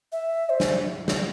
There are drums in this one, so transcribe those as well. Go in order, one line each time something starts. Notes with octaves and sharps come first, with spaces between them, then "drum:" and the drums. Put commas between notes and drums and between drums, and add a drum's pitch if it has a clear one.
E5
C5
drum: snare
drum: snare